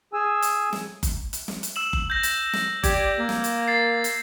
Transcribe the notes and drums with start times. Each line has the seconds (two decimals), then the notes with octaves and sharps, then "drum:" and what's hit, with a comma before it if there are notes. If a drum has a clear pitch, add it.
0.13 G#4 G#5 E6
0.42 drum: hi-hat
0.73 drum: snare
1.03 drum: kick F#1, hi-hat
1.33 drum: hi-hat
1.48 drum: snare
1.63 drum: hi-hat
1.76 E6 E7 F#7
1.93 drum: kick F#1
2.10 G6 A#6
2.23 drum: hi-hat
2.53 drum: snare
2.84 G4 D5 G#6, drum: kick F#1, hi-hat
3.19 A#3
3.29 drum: snare
3.44 drum: hi-hat
3.68 A6 C7
4.04 drum: hi-hat